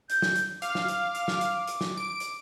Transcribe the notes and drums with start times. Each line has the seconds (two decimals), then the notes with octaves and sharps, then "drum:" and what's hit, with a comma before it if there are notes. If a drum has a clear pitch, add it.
0.10 G6, drum: hi-hat
0.22 drum: snare
0.36 drum: hi-hat
0.62 F5 D6, drum: hi-hat
0.75 drum: snare
0.88 drum: hi-hat
1.15 drum: hi-hat
1.28 drum: snare
1.41 drum: hi-hat
1.67 drum: hi-hat
1.81 drum: snare
1.97 D7
2.20 drum: hi-hat